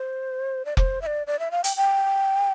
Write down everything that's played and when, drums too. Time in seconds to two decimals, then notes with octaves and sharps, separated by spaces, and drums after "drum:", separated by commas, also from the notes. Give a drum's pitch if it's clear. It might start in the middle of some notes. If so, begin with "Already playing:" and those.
Already playing: C5
0.65 D5
0.77 C5, drum: kick F1
1.02 E5
1.07 D5
1.27 D5
1.39 E5
1.51 F5
1.64 G5, drum: hi-hat
1.77 G5